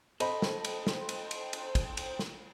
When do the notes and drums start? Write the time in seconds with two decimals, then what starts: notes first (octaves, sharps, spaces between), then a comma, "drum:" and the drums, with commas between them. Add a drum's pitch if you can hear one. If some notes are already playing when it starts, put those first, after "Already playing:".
0.20 A4 C5 D#5 G5 B5, drum: cymbal
0.42 drum: snare
0.65 drum: cymbal
0.87 drum: snare
1.09 drum: cymbal
1.31 drum: cymbal
1.53 drum: cymbal
1.75 drum: kick, cymbal
1.97 drum: cymbal
2.19 drum: snare